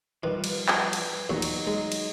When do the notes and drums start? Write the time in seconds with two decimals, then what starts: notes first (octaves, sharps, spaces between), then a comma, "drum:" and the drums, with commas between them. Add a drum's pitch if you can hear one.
0.23 D#3 F3 G3 B4
0.44 drum: cymbal
0.68 drum: clap
0.93 drum: cymbal
1.30 D#2 A#2 F#3 D#4
1.42 drum: cymbal
1.67 G#3 G#4
1.92 drum: cymbal